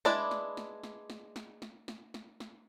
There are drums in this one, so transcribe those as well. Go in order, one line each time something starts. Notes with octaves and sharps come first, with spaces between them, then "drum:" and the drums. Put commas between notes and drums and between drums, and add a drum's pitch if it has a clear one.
G#3 D4 E4 B4 D5, drum: snare
drum: snare
drum: snare
drum: snare
drum: snare
drum: snare
drum: snare
drum: snare
drum: snare
drum: snare